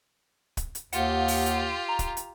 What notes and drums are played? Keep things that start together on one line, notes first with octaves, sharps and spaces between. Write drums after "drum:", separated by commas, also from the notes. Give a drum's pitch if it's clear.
drum: kick, hi-hat
drum: hi-hat
D#2 F4 G4 F#5, drum: hi-hat
drum: open hi-hat
drum: hi-hat
A#5
drum: kick, hi-hat
drum: hi-hat